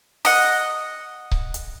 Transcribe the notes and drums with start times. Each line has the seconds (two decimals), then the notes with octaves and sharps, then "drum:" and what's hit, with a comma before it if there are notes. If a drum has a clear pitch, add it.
0.25 D#5 F#5, drum: open hi-hat
1.31 drum: kick C#1
1.54 drum: hi-hat